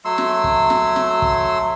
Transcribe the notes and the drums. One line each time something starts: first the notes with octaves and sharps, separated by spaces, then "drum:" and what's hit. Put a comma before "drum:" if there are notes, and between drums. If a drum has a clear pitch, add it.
F#3 A3 C6 E6
drum: snare
drum: kick
drum: snare
drum: snare
drum: kick